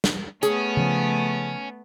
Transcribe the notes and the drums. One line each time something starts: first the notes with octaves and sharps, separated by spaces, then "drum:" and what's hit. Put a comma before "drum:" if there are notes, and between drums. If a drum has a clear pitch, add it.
drum: snare
A3 B3 C#4 G#4, drum: hi-hat
C#3 F3